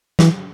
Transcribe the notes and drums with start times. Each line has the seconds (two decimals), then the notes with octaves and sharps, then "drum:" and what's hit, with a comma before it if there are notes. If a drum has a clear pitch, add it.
0.19 E3, drum: snare